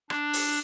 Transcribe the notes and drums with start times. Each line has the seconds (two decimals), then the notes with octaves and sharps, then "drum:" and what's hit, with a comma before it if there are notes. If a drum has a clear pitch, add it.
0.10 D4, drum: rim click
0.33 drum: open hi-hat